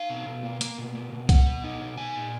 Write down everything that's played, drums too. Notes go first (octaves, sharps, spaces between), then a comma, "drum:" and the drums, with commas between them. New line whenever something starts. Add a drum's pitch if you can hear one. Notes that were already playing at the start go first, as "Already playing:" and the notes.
Already playing: D#4 F5
B2
B2
A#3
A#3, drum: hi-hat
B2
A#3
B2
B2 F#5, drum: kick C2, hi-hat
B2
D#4
B2
D#4 G#5
A#2